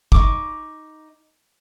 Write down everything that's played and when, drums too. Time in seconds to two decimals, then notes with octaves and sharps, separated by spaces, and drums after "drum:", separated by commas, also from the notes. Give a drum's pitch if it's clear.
0.12 D#4 C#6 D6, drum: kick